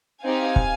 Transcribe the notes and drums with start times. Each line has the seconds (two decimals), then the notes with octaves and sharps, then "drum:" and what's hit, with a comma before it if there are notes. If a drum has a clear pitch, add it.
0.25 C4 D#4 G4 F5 G#5
0.56 drum: kick